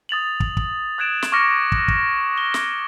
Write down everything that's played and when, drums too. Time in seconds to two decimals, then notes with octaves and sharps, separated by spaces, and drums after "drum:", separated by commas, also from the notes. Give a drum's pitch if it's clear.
0.09 D#6 A6 F7 F#7
0.40 drum: kick
0.57 drum: kick
0.98 D#6 F#6 G#6 A6 D7 E7
1.22 drum: snare
1.32 C#6 D6 F6 A#6 C#7
1.72 drum: kick
1.88 drum: kick
2.38 G7
2.54 drum: snare